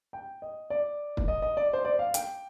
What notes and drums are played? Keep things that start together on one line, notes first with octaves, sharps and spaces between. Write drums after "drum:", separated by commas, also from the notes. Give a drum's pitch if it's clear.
G5
D#5
D5
drum: kick
D#5
D#5
D5
C5
D5
F5
G5, drum: hi-hat